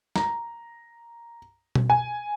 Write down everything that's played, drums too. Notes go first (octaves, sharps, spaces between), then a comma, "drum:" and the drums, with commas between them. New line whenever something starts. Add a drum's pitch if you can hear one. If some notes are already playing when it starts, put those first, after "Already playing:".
A#5, drum: snare
drum: tom B2
G#5